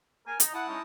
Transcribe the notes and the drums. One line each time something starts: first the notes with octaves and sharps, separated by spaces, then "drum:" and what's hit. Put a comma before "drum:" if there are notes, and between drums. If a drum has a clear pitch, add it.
A#4 G#5
D#4, drum: hi-hat
E4 F#5 A5 D#6
G#3 C#4 D#4